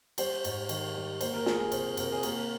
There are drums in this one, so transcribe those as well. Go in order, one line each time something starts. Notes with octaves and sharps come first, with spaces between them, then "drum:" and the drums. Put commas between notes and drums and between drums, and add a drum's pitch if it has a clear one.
G3 C5, drum: cymbal
G#2, drum: cymbal
D#3, drum: cymbal
G3
A#3 C5, drum: cymbal
A#4
F3 G#4, drum: snare
G#4
C3 C5, drum: cymbal
C3 A#4, drum: cymbal
G#4
A#3 A#4, drum: cymbal